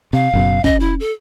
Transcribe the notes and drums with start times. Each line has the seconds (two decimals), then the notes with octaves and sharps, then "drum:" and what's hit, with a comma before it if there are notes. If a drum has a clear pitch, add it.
0.13 C3 F5
0.33 F#1 F#2 B2
0.64 C#4 D#5, drum: kick
0.80 E4
1.00 A4